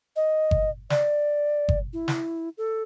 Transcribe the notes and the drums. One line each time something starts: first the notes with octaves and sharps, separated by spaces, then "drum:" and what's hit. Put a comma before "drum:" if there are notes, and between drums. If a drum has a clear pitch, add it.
D#5
drum: kick G1
D5, drum: snare
drum: kick G1
E4
drum: snare
A4